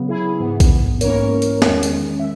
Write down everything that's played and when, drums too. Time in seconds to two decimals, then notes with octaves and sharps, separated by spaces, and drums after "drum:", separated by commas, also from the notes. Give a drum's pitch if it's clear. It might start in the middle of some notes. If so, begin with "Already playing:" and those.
Already playing: C#3 F#3 B3
0.09 E4 G#4
0.40 G#2 E3 B3
0.60 drum: kick A#1, hi-hat
1.01 G#2 E3 A#3 C#4 A#4 C#5, drum: hi-hat
1.42 drum: hi-hat
1.62 E2 D#3 G#3 C#4, drum: snare
1.83 drum: hi-hat
2.19 E5